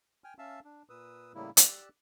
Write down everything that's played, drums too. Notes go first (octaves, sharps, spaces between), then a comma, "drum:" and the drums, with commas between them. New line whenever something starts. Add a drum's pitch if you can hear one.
G5 G#5 F6
C#4 E5 F5 A5 E6
D4
A#2 B4 D#6 E6
A2 C#3 G3 A#3 E4
G4 D5 E6 F#6, drum: hi-hat